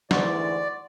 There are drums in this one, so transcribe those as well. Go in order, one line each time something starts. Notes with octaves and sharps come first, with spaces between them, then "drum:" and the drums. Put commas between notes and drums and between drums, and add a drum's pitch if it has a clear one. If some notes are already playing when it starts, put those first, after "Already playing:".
D2 G#2 E3 D5 F#5 C6 C#6, drum: snare